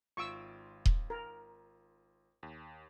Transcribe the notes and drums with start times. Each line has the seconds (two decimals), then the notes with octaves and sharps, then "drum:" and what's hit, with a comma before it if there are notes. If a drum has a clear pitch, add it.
0.17 G#1 F4 C#6 E6 D7
0.86 drum: kick D#1
1.10 A#4
2.43 D#2